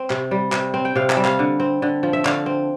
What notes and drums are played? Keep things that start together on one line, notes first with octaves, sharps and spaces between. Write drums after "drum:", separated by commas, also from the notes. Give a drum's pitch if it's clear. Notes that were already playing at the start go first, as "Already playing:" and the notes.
Already playing: C4
C3, drum: clap
G3
C3, drum: clap
C4
G5
C3 F5
E5, drum: clap
G3
F5, drum: clap
D3
C4
D3
F3
E5
D3 F5, drum: clap
C4